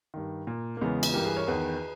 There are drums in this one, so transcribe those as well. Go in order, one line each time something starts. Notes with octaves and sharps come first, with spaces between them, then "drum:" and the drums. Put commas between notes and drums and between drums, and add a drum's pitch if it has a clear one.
G2 D#3
A#2
A#3
E2 C#3 E3 G#3 B3
drum: cymbal
G2 E3 G4 A#4
G#4 B4
A#4 C#5
E2 D#3 G#4 B4